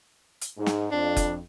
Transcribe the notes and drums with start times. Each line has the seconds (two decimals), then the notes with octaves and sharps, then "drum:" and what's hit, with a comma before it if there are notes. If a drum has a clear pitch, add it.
0.41 drum: hi-hat
0.57 G#2
0.66 drum: snare
0.91 F2 D4
1.16 drum: kick F#1, hi-hat